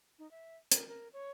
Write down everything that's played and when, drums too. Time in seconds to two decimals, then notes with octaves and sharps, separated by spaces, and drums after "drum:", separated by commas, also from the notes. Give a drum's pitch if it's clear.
0.19 D#4
0.31 E5
0.72 A#4, drum: hi-hat
0.88 A#4
1.13 C#5